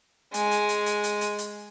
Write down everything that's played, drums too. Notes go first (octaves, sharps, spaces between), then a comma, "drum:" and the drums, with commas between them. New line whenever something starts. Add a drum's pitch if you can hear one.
G#3 G#5, drum: hi-hat
drum: hi-hat
drum: hi-hat
drum: hi-hat
drum: hi-hat
drum: hi-hat
drum: hi-hat